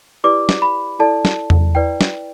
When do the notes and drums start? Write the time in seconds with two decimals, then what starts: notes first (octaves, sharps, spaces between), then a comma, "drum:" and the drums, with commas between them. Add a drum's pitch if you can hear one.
0.24 E4 G4 B4 D5 D6
0.49 drum: snare
0.62 B5
0.99 E4 A4 D5 A5
1.25 drum: snare
1.50 drum: tom E2
1.75 E4 B4 D5 G5
2.01 drum: snare